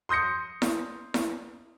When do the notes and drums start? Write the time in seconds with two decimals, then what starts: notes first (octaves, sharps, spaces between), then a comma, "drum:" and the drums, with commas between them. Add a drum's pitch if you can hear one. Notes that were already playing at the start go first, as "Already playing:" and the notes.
0.09 C6 D#6 G6 A#6 C#7
0.62 drum: snare E4
1.14 drum: snare E4